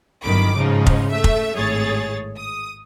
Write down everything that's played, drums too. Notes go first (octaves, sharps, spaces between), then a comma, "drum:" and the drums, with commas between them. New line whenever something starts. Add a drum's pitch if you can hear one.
G1 F#2 D#3 B5 D6
G#2 C#3 F3 D#4
drum: kick F1
A3 E5
drum: kick F1
G#1 A2 G#4 C#5 A6
D#6